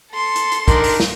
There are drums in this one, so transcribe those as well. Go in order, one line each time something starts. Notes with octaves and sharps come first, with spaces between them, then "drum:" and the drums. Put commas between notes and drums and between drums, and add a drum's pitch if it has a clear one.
A4 C6
drum: hi-hat
drum: hi-hat
D#3 D4 A#4, drum: kick, hi-hat
drum: open hi-hat
drum: snare